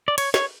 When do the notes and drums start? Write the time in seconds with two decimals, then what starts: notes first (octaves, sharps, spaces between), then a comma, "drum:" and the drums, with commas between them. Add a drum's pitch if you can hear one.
0.08 D5
0.18 C#5, drum: cymbal
0.34 C#5, drum: snare